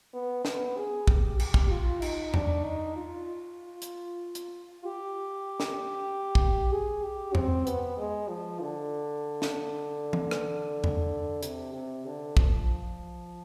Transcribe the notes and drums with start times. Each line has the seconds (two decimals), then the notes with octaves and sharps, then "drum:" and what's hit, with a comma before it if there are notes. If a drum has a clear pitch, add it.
0.14 B3
0.45 B3, drum: snare
0.77 G#4
1.08 G4, drum: kick
1.39 G4, drum: cymbal
1.54 drum: kick
1.71 F4
2.02 D#4, drum: cymbal
2.34 D4, drum: tom E2
2.64 D#4
2.96 F4
3.82 drum: hi-hat
4.35 drum: hi-hat
4.84 G4
5.60 drum: snare
6.35 drum: kick
6.72 G#4
7.04 G4
7.35 C4, drum: tom E2
7.67 B3, drum: hi-hat
7.98 G#3
8.29 F3
8.61 D3
9.42 drum: snare
10.13 drum: tom E3
10.31 drum: rim click
10.84 drum: tom E2
11.43 C3, drum: hi-hat
11.74 C3
12.06 D3
12.37 F3, drum: kick